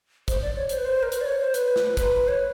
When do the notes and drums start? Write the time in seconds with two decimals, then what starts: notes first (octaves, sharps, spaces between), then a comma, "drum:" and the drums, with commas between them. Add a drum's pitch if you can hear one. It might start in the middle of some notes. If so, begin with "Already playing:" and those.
0.28 C5, drum: kick, hi-hat
0.42 D5
0.56 C#5
0.69 C5, drum: hi-hat
0.78 B4
0.85 C5
1.03 A#4
1.12 B4, drum: hi-hat
1.21 D5
1.26 C#5
1.41 C5
1.54 B4, drum: hi-hat
1.76 drum: snare
1.97 B4, drum: kick, hi-hat
2.28 C#5